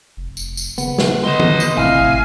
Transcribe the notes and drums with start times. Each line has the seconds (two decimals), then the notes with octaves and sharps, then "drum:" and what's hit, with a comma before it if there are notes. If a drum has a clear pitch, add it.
0.17 F1
0.37 drum: tambourine
0.57 drum: tambourine
0.78 C#3 B3, drum: tambourine
0.98 drum: snare
1.24 D3 B4 D#5 C6
1.40 drum: tom
1.60 drum: tambourine
1.77 A1 A2 C3 E4 F5 G#5
2.00 G#1